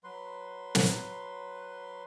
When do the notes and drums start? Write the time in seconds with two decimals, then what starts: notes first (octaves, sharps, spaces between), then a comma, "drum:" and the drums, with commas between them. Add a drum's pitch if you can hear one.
0.04 F#3 B4 C6
0.75 drum: snare